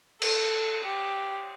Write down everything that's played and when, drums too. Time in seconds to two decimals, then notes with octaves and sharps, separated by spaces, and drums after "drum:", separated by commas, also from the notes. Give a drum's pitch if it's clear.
0.22 A4, drum: cymbal
0.84 G4